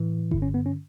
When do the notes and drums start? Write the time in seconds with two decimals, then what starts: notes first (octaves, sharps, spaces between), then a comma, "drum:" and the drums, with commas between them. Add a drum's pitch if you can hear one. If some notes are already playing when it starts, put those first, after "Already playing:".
Already playing: A2 E3
0.31 G2 D3 E4, drum: kick F1
0.42 C#4
0.54 B3
0.66 C#4